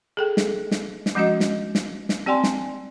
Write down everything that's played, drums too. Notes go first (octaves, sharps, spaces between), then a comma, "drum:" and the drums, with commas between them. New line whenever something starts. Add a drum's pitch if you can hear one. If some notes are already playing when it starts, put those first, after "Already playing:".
G#4 A4 G5
drum: snare
drum: snare
drum: snare
F3 G#3 C#4 F#4 D#5
drum: snare
drum: snare
drum: snare
C4 G4 D5 G5 G#5 C6
drum: snare